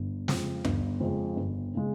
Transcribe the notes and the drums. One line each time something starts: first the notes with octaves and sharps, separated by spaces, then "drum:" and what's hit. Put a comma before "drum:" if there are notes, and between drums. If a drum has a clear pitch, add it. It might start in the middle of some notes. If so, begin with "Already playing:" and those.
Already playing: G1
F2 C#3 G#3, drum: snare
G1, drum: tom D#2
F2 C#3 G#3
G1
C#3 G#3